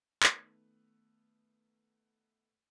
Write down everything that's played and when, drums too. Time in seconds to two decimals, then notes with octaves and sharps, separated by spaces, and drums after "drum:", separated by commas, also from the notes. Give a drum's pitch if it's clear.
0.23 D#3 A3 B3, drum: clap